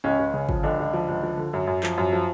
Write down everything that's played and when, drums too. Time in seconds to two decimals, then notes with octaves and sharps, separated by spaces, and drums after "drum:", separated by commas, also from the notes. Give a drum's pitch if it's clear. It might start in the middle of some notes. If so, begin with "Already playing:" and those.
0.04 C#2 C#4
0.19 C#2
0.34 C#3
0.49 F3, drum: kick
0.63 C#2 D3 D4
0.79 C#2
0.93 F3
1.08 C#2
1.23 F3
1.37 D3
1.53 F#2
1.67 F#2
1.83 F3, drum: clap
1.98 F#2
2.13 F3